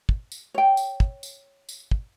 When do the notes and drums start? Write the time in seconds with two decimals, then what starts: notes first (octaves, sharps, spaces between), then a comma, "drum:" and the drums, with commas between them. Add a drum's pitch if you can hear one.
0.09 drum: kick
0.32 drum: tambourine
0.54 C#5 G5
0.77 drum: tambourine
1.00 drum: kick
1.23 drum: tambourine
1.69 drum: tambourine
1.91 drum: kick